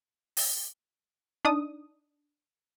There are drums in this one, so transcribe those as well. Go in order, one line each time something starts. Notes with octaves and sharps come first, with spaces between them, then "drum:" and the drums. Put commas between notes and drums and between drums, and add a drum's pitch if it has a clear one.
drum: open hi-hat
D4 D#4 D#6